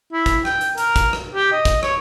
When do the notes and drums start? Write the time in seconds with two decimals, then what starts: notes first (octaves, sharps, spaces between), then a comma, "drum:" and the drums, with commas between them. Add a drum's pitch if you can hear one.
0.13 E4
0.26 drum: kick, hi-hat
0.45 G5, drum: rim click
0.61 drum: hi-hat
0.78 A#4, drum: hi-hat
0.96 drum: kick, hi-hat
1.13 drum: rim click
1.35 G4
1.52 D#5
1.65 drum: kick, hi-hat
1.83 C#5, drum: rim click